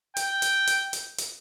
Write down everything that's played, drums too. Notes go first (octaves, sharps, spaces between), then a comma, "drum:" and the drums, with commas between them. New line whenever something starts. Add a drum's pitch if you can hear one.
G5, drum: hi-hat
drum: hi-hat
drum: hi-hat
drum: hi-hat
drum: hi-hat